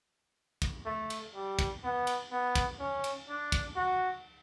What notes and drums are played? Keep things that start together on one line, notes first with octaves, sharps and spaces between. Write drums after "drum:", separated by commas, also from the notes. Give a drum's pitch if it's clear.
drum: kick, cymbal
A3
drum: cymbal
G3
drum: kick, cymbal
B3
drum: cymbal
B3
drum: kick, cymbal
C#4
drum: cymbal
D4
drum: kick, cymbal
F#4